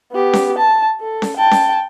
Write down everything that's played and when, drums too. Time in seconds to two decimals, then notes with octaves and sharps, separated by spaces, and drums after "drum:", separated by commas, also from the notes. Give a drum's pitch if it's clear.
0.13 B3 G4
0.33 drum: snare C#4
0.58 A5
1.01 A4
1.22 drum: snare C#4
1.37 G5 A5
1.51 drum: snare C#4